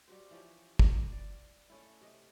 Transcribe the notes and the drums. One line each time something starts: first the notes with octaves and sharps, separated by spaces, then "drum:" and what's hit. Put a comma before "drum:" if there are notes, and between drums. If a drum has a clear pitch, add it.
G3 F#4 G4 C5
E3 F3 C#4 G4
G4, drum: kick
D5
A3 C#4 E4
C3 D#5